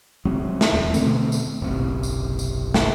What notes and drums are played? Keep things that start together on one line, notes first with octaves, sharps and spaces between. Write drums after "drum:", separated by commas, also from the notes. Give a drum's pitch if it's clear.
F#3 G#3 C4
drum: snare
D1 E2 A#2
B2 D3 A3 C4, drum: tambourine
drum: tambourine
F#1 B1 C3
drum: tambourine
drum: tambourine
drum: snare